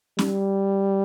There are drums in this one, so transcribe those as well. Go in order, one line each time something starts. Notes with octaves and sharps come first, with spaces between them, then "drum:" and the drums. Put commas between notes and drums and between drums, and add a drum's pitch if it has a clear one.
G3, drum: snare